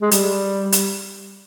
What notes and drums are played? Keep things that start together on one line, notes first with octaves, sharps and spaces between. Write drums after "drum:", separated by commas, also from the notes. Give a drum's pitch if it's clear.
G#3
G3, drum: hi-hat
drum: hi-hat